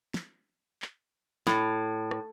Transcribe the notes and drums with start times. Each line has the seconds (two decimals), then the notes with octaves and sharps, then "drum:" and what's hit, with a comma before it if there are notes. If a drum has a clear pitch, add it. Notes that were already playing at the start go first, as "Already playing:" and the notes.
0.14 drum: snare
0.82 drum: clap
1.47 A2, drum: snare
2.11 drum: rim click